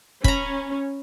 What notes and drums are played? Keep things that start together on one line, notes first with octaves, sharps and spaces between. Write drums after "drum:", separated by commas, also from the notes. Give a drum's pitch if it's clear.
C#4 A#5 B5, drum: kick